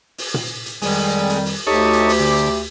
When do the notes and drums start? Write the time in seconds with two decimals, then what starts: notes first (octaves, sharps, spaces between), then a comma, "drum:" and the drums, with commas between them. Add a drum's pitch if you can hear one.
0.18 drum: open hi-hat
0.34 drum: tom A#2
0.66 drum: hi-hat
0.82 F2 D#3 G3 G#3, drum: open hi-hat
1.30 drum: hi-hat
1.45 drum: open hi-hat
1.67 D2 D#4 G4 A4 C#5
1.93 drum: hi-hat
2.09 drum: open hi-hat
2.20 D3